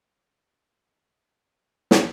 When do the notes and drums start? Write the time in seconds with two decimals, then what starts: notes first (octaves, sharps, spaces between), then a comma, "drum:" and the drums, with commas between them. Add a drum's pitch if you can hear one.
1.30 C#4 G#4 F#5 D#6
1.91 drum: snare